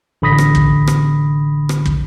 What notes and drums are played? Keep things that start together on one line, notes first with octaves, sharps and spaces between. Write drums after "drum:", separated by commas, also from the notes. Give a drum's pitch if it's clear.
A1 D3 B5 D#6 A#6 B6
drum: rim click
drum: kick
drum: rim click
drum: rim click
drum: kick